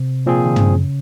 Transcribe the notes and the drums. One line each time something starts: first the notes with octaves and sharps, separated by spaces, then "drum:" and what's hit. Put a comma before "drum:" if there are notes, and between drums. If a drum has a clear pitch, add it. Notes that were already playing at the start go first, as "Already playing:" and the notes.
Already playing: C3
A#2 F3 C4 F4 G#4
D#3
C#3, drum: tom